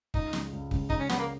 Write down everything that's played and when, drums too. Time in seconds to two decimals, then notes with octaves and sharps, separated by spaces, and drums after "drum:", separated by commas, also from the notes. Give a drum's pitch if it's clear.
0.14 C#2 D#4, drum: kick
0.33 C#3 G#3, drum: snare
0.53 C#2
0.71 C#3 G#3, drum: kick
0.90 C#2 D#4, drum: kick
1.00 C#4
1.09 C#3 G#3 B3, drum: snare
1.19 A#3